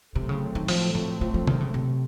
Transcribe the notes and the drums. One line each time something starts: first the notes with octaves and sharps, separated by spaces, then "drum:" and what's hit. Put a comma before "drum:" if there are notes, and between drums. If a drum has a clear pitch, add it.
A2 C3 F#3 A3 C4
C#3
D#3
F3, drum: open hi-hat
F3
F3
F3
D#3, drum: tom C3
C#3
C3